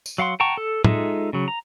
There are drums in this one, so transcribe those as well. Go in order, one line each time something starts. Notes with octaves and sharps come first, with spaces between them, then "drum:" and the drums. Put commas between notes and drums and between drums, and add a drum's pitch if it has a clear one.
drum: tambourine
F#3 F5 F#5 C6
F#5 G5 A5 A#5 C#6
A4
G#3 D#4 F4 A4 E5, drum: tom
C#3 F#3
A#5